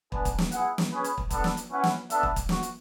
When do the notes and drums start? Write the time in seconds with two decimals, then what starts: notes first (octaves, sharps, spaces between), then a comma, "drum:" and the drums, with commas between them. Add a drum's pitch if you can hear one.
0.12 B3 D4 G#4 B4, drum: kick
0.25 drum: kick, hi-hat
0.38 drum: snare
0.52 E4 G#4 B4 F#5, drum: hi-hat
0.78 drum: snare
0.91 C#4 G#4 B4
1.04 drum: hi-hat
1.18 drum: kick
1.30 B3 D4 A4, drum: kick, hi-hat
1.44 drum: snare
1.57 drum: hi-hat
1.70 C#4 E4 B4 F#5
1.84 drum: snare
2.10 B3 D4 A4 E5, drum: hi-hat
2.23 drum: kick
2.36 drum: kick, hi-hat
2.49 F#4, drum: snare
2.63 drum: hi-hat